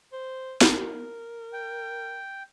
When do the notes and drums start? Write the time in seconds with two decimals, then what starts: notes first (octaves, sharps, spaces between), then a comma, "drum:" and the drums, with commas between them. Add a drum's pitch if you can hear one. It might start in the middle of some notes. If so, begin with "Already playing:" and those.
0.13 C5
0.61 A#4, drum: snare
1.53 G5